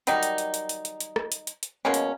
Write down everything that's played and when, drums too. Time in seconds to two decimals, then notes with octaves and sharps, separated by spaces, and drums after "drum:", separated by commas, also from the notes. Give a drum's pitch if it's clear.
0.07 D#3 F#3 G3 D#4, drum: hi-hat
0.23 drum: hi-hat
0.38 drum: hi-hat
0.54 drum: hi-hat
0.69 drum: hi-hat
0.85 drum: hi-hat
1.00 drum: hi-hat
1.16 drum: rim click
1.32 drum: hi-hat
1.47 drum: hi-hat
1.63 drum: hi-hat
1.85 B2 G#3 A#3 C#4
1.94 drum: hi-hat